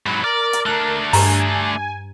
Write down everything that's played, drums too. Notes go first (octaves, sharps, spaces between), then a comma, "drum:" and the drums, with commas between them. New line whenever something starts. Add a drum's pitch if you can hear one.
G#2 F#3 B5
A#4 D5
drum: hi-hat
A3 D4 F#6
G2 G4 G#5 A#5, drum: open hi-hat